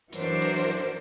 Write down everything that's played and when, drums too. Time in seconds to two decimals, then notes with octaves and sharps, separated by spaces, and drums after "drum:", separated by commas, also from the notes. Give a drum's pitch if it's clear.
0.13 E3 F#3 D4 A#4 C5, drum: hi-hat
0.42 drum: hi-hat
0.56 drum: hi-hat
0.71 drum: hi-hat